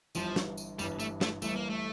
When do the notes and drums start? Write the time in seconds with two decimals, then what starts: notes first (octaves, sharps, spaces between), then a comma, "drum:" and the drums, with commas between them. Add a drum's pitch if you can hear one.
0.15 G1 G2 E3 F3, drum: tambourine
0.36 drum: snare
0.57 drum: tambourine
0.79 G1 G2 E3 G3, drum: tambourine
1.00 A3, drum: tambourine
1.21 A3, drum: snare
1.42 G1 G2 E3 A3, drum: tambourine
1.56 A#3
1.70 A3